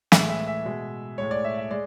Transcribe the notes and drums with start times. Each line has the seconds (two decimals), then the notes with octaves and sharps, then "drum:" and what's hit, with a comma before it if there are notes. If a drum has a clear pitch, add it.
0.12 A2 E3 G#3 E5, drum: snare
0.29 E5
0.47 E5
0.65 B2 G#3
1.18 A2 G#3 C#5
1.31 D5
1.44 E5
1.58 E5
1.71 G#3 D5